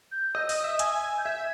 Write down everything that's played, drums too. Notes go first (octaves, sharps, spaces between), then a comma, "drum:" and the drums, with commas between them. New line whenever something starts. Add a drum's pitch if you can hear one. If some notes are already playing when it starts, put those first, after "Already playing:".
G6
D#5 E6
D#5, drum: open hi-hat
D#6
E5
G#5 E6, drum: hi-hat
G6
E5 G#6